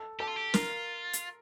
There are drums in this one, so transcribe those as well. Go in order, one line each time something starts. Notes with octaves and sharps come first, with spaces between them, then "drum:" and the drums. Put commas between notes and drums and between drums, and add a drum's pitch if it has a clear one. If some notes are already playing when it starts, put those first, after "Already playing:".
Already playing: A4
G4 A4
F4
G4
F4 A#4, drum: snare
drum: hi-hat